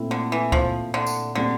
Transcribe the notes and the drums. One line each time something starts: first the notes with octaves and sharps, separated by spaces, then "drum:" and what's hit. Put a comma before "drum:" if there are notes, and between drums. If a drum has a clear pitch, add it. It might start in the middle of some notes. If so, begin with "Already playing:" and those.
Already playing: A#2 A3 C4 E4
D3
E3
F3, drum: kick C#2
D3
drum: tambourine
A#2 D3 G3 C4